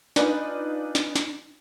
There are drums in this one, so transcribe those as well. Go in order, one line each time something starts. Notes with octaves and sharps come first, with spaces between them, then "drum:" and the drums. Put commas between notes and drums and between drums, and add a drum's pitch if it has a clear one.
D4 D#4 F4 B4 D5 G#5, drum: snare
drum: snare
drum: snare